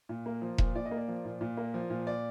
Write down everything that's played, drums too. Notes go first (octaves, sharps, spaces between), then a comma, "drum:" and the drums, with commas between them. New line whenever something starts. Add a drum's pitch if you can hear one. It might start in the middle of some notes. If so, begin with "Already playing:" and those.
A#2
A#3
F3
A#2, drum: kick E1
A#2 D5
D#5
A#3
D5
F3
A#2
A#2
A#3
F3
A#2
D5